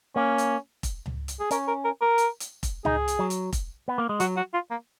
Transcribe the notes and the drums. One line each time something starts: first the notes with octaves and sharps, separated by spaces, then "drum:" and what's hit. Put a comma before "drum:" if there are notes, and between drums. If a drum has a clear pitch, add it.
A#3 C#4
drum: hi-hat
drum: kick F1, hi-hat
drum: tom C#2
drum: hi-hat
G#4
C#4 A#4, drum: hi-hat
A#4
A#4
A#4
drum: hi-hat
drum: hi-hat
drum: kick F1, hi-hat
D#4 G#4, drum: tom C#2
drum: hi-hat
F#3
drum: hi-hat
drum: kick F1, hi-hat
B3
A#3
G#3
F#3 F#4, drum: hi-hat
F#4
F4
A#3